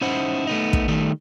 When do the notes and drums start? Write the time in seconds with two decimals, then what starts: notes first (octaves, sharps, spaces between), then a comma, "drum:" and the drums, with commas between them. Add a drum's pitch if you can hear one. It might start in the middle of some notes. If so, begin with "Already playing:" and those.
0.01 C#4 D#4 E4 C5 F#5
0.47 A3 B3 D#4
0.73 drum: kick
0.88 D#3 G3 A3